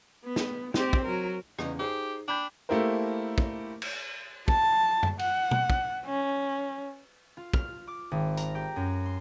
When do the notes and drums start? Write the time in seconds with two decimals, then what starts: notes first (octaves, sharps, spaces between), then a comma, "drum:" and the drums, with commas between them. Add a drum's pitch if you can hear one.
0.24 B3
0.36 drum: snare
0.74 C4 G4, drum: snare
0.93 drum: kick
1.05 F#3 A#4
1.59 E2 C#3 D#4, drum: rim click
1.79 D#4 G4 G#4 C5
2.28 D4 G5 B5 G6
2.69 A3 A#3 E4 G4 A#4 C5
3.38 drum: kick
3.82 drum: cymbal
4.48 A5, drum: kick
5.03 drum: tom F#2
5.19 F#5, drum: cymbal
5.51 drum: tom
5.70 drum: kick
6.06 C#4
7.37 F4
7.54 F6, drum: kick
7.87 D6
8.11 G#1
8.37 A#5, drum: hi-hat
8.55 G4
8.76 F#2
9.06 C6